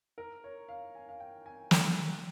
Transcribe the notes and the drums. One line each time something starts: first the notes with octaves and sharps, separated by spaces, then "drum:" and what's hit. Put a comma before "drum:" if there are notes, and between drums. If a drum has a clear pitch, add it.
A#4
C#5
F5
G#5
F5
G5
G#5
G5, drum: snare